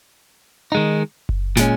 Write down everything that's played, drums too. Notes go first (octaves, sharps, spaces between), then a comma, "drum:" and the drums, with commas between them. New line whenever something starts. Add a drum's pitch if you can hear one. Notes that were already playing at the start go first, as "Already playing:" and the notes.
D#3 G#3 D#4
drum: kick F#1
A#2 G#3 C#4, drum: snare